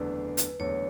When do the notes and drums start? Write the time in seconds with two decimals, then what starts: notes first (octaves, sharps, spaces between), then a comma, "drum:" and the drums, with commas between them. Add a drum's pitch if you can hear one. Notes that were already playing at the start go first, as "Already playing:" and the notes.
Already playing: F#1 E2 D3 A3 D4 B4
0.37 drum: hi-hat
0.59 F#1 E2 D3 A3 D4 C#5